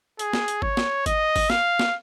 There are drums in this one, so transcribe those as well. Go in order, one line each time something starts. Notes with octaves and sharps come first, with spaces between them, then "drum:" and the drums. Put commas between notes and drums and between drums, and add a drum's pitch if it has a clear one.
G#4, drum: hi-hat
drum: snare
drum: hi-hat
C#5, drum: kick G#1
drum: snare
D#5, drum: kick G#1, hi-hat
drum: kick G#1, open hi-hat
F5, drum: snare
drum: snare